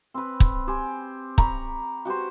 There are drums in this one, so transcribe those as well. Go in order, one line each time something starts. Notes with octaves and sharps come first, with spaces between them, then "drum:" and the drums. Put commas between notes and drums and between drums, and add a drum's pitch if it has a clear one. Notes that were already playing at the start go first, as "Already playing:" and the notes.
C4 B4
drum: kick
G4 C5 G#5
A#5 B5 C#6, drum: kick
F#4 G4 B4 C5